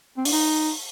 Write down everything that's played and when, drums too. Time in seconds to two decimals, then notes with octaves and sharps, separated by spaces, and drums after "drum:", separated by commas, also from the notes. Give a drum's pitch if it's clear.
0.17 C4
0.25 D4, drum: open hi-hat
0.32 D#4